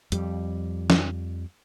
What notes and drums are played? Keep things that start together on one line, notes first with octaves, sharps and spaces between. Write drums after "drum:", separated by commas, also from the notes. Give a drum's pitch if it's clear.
F2 G3, drum: hi-hat
drum: snare